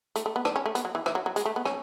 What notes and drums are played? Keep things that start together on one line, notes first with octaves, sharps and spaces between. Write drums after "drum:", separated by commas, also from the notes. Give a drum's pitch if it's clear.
A3, drum: hi-hat
A3
B3
D4, drum: rim click
C#4
A3
B3, drum: hi-hat
F#3
E3
E3, drum: rim click
F#3
F#3
G#3, drum: hi-hat
A3
B3
C#4, drum: rim click